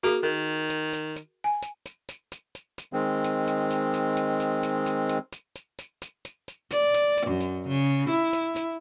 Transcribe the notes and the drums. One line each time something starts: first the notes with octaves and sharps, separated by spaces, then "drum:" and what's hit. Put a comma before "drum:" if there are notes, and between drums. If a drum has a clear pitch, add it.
A#3 F#4 G#4
D#3 A#4
drum: tambourine
drum: tambourine
drum: tambourine
G#5
drum: tambourine
drum: tambourine
drum: tambourine
drum: tambourine
drum: tambourine
drum: tambourine
D#3 G#3 C4
drum: tambourine
drum: tambourine
drum: tambourine
drum: tambourine
drum: tambourine
drum: tambourine
drum: tambourine
drum: tambourine
drum: tambourine
drum: tambourine
drum: tambourine
drum: tambourine
drum: tambourine
drum: tambourine
drum: tambourine
D5, drum: tambourine
drum: tambourine
drum: tambourine
F#2
drum: tambourine
C#3
E4
drum: tambourine
drum: tambourine